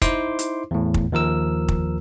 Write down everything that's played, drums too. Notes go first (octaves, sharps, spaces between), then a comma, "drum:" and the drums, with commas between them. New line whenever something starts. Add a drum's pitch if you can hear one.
D#4 E4 C5 C6 D6, drum: kick, hi-hat
drum: hi-hat
E2 A2
drum: kick
D#2 F3 A#4 E6
drum: kick